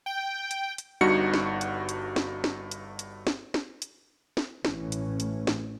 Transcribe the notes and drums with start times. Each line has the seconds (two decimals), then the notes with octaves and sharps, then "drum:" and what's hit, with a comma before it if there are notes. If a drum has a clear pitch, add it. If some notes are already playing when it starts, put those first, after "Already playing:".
0.06 G5
0.51 drum: hi-hat
0.78 drum: hi-hat
1.01 G1 G2 D#4 F#4 F#5 C#7
1.34 drum: snare
1.61 drum: hi-hat
1.89 drum: hi-hat
2.16 drum: snare
2.44 drum: snare
2.71 drum: hi-hat
2.99 drum: hi-hat
3.27 drum: snare
3.54 drum: snare
3.82 drum: hi-hat
4.37 drum: snare
4.65 A1 A2 E3 C#4, drum: snare
4.92 drum: hi-hat
5.20 drum: hi-hat
5.47 drum: snare